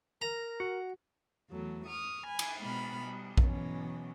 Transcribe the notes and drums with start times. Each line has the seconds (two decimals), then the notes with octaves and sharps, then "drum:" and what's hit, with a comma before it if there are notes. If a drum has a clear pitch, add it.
0.22 A#4 A#5
0.60 F#4 F#5
1.50 E2 F#3 A3 A4
1.85 C#6 D#6 F6
2.25 G#5 B5
2.39 drum: cymbal
2.61 B2 G#3 B5 F6
3.05 G3
3.38 B2 E3 F#3 C#4, drum: kick A#1